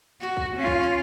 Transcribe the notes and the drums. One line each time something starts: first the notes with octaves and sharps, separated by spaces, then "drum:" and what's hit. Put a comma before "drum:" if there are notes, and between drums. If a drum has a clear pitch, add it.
F#4, drum: clap
drum: kick
C#4 F4
drum: kick
drum: clap